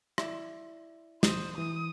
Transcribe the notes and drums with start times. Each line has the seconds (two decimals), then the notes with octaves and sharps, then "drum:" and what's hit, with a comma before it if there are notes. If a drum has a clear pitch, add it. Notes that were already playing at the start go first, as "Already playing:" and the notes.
0.18 E4 D5 E5, drum: rim click
1.23 C5 D#6, drum: snare
1.58 E3 D#6